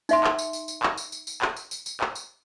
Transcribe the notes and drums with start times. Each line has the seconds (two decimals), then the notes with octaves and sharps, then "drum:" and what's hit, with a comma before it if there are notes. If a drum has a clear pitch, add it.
0.09 D#4 E5 C6, drum: tambourine
0.24 drum: clap
0.39 drum: tambourine
0.53 drum: tambourine
0.68 drum: tambourine
0.83 drum: clap
0.97 drum: tambourine
1.12 drum: tambourine
1.27 drum: tambourine
1.42 drum: clap
1.56 drum: tambourine
1.71 drum: tambourine
1.86 drum: tambourine
2.01 drum: clap
2.15 drum: tambourine